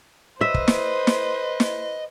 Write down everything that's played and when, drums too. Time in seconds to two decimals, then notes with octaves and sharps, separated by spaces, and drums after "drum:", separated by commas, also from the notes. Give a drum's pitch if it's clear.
0.41 B4 C5 D#5 E5
0.54 drum: kick
0.68 drum: snare
1.07 drum: snare
1.60 drum: snare